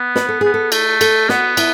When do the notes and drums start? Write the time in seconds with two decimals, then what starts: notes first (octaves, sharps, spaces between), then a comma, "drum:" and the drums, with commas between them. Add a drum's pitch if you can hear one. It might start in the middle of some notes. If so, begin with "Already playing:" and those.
Already playing: B3
0.16 B4, drum: snare
0.29 A4
0.41 B3 G#4
0.54 A4
0.72 A3, drum: cymbal
1.01 A4, drum: cymbal
1.29 B3 F#4, drum: snare
1.57 E4, drum: cymbal